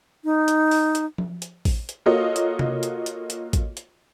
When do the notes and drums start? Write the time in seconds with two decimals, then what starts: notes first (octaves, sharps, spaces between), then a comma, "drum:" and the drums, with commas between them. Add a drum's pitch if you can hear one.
0.24 D#4
0.48 drum: hi-hat
0.71 drum: open hi-hat
0.95 drum: hi-hat
1.18 drum: tom F3
1.42 drum: hi-hat
1.65 drum: kick A1, open hi-hat
1.89 drum: hi-hat
2.06 A#3 F4 F#4 A4 C#5 D#5
2.36 drum: hi-hat
2.59 drum: tom C3
2.83 drum: hi-hat
3.06 drum: hi-hat
3.30 drum: hi-hat
3.53 drum: kick A1, hi-hat
3.77 drum: hi-hat